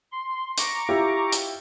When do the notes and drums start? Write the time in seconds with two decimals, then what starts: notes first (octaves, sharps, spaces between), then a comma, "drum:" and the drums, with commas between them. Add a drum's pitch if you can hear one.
0.12 C6
0.58 A#5 C#6 D6, drum: hi-hat
0.89 E4 F4 G4
1.32 drum: hi-hat